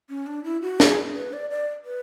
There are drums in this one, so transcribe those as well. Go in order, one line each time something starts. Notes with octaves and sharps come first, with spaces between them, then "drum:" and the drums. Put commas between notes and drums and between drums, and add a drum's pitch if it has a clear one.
C#4
D4
E4
F#4
G#4, drum: snare
B4
D5
D5
B4